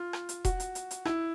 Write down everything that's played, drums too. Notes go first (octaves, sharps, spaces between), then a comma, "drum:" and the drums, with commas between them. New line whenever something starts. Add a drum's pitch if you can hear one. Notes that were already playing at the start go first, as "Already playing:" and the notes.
Already playing: F4
drum: rim click
drum: hi-hat
F#4, drum: kick E1, hi-hat
drum: hi-hat
drum: hi-hat
drum: hi-hat
E4, drum: rim click